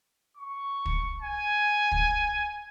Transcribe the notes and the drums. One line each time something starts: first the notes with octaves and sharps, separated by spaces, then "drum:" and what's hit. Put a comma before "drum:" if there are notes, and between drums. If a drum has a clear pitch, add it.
C#6
drum: kick
G#5
drum: kick